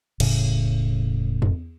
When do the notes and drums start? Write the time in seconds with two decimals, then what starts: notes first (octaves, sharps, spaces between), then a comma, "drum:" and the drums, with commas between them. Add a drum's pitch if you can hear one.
0.20 E1 A2 C#3, drum: cymbal
1.42 drum: tom